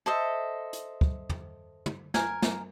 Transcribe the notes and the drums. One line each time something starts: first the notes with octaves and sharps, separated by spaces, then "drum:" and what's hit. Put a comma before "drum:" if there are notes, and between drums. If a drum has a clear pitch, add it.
A4 C5 D#5 E5
drum: hi-hat
drum: kick
drum: tom
drum: tom
A#4 G#5, drum: snare
drum: snare